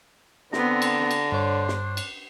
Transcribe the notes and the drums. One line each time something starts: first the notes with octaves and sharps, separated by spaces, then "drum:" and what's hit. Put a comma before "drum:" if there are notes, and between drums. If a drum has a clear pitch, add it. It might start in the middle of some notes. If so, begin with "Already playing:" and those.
D3 B3 C4 A#5, drum: snare
drum: cymbal
drum: cymbal
G2 D4 C5 C#5
drum: snare
drum: cymbal